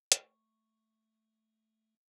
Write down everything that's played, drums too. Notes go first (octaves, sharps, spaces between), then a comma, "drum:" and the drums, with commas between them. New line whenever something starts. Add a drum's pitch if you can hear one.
A3 C#6, drum: hi-hat